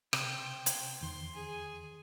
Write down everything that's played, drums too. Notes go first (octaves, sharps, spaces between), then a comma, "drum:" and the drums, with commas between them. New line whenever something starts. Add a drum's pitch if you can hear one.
C3 C5 G5, drum: rim click
drum: hi-hat
E2 D#3 C6
G#4